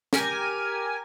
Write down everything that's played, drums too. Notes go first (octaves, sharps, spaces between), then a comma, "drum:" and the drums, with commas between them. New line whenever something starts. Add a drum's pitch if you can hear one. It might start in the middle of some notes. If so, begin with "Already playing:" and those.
G4 A#4 G#5, drum: snare